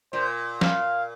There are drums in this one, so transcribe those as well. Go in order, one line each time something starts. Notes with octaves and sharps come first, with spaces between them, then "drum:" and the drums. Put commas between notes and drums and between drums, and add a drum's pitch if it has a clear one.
A#2 C5
F5, drum: snare